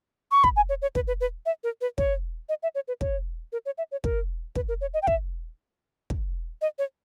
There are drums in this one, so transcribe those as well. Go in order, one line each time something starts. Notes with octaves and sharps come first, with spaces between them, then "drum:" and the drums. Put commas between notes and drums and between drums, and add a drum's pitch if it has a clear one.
C#6
B5, drum: kick
G#5
C#5
C#5
B4, drum: kick
B4
B4
E5
A#4
B4
C#5, drum: kick
D#5
E5
C#5
B4
C#5, drum: kick
A#4
C#5
E5
C#5
A#4, drum: kick
B4, drum: kick
A#4
C#5
D#5
G5
E5, drum: kick
drum: kick
D#5
C#5